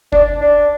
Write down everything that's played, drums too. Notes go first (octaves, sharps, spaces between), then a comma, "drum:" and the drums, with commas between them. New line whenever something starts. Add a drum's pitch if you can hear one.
D4, drum: kick
D4